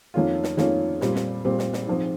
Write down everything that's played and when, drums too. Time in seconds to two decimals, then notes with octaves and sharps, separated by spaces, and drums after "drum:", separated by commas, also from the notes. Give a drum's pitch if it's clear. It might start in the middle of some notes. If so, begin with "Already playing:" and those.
0.14 F2 D#3 A#3 C#4 F4
0.43 drum: snare
0.58 F2 D#3 A#3 C#4 F4, drum: snare
1.01 A#2 G3 C4, drum: snare
1.15 drum: snare
1.45 A#2 G3 C4
1.59 drum: snare
1.73 drum: snare
1.87 G#2 F3 C4